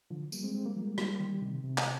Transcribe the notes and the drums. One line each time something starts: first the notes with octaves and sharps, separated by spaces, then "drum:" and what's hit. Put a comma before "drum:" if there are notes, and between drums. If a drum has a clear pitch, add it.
D3 F3
G3 A#3, drum: tambourine
G#3 C4
G#3 C4
G3 A#3
F3 G#3
G3 A#3
G#3
G3 A#3, drum: rim click
D#3 G3
C3 D#3
C3
drum: clap